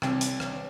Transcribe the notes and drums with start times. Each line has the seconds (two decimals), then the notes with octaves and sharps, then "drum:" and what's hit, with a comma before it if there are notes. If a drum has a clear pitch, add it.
0.02 C2, drum: rim click
0.21 drum: hi-hat
0.40 drum: rim click